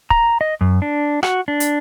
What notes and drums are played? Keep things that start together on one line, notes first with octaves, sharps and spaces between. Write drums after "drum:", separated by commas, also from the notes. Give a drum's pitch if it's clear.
A#5, drum: kick
D#5
F#2
D4
F#4, drum: rim click
D4
drum: hi-hat